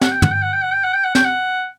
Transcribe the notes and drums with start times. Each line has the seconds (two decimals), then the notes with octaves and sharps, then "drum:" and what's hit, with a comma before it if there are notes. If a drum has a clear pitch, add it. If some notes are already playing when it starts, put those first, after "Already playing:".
0.01 F#5, drum: snare
0.12 G5
0.22 F#5, drum: tom
0.32 G5
0.43 F#5
0.53 G5
0.64 F#5
0.74 G5
0.84 F#5
0.94 G5
1.05 F#5
1.15 G5, drum: snare
1.25 F#5